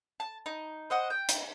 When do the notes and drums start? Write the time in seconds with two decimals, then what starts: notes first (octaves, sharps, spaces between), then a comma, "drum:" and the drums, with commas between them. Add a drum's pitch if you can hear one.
0.20 A5
0.46 D#4
0.90 C5 D#5 F#5
1.10 G5
1.29 drum: hi-hat